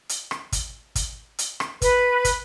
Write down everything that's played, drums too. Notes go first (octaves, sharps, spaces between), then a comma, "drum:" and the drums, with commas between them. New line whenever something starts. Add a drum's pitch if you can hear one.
drum: hi-hat
drum: rim click
drum: kick, hi-hat
drum: kick, hi-hat
drum: hi-hat
drum: rim click
B4, drum: kick, hi-hat
drum: kick, hi-hat